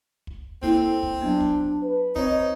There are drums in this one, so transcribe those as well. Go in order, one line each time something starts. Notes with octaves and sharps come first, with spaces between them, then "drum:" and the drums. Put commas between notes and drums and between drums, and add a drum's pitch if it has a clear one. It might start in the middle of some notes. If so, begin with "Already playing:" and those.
drum: kick
A#3 C4 E4 A4, drum: kick
drum: kick
F#3 B3 D4
drum: kick
B4
C4 D#4 C5 C#5 D#5, drum: kick